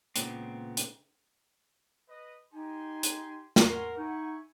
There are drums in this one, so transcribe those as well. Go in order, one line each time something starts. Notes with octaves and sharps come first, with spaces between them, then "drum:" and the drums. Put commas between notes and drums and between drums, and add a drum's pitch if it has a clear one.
C#2 A#2 C#3 B3 C4, drum: hi-hat
drum: hi-hat
B4 D#5
D#4 G4 G#5 C6
drum: hi-hat
drum: snare
C#4 A#4 F#5 C6
D#4 E4 G#5 C#6